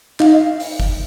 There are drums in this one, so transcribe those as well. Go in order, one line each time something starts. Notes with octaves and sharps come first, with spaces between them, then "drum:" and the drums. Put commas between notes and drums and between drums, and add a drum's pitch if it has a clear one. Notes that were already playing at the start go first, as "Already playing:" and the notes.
D#4 F5, drum: clap
D#5
F5
drum: open hi-hat
drum: kick F#1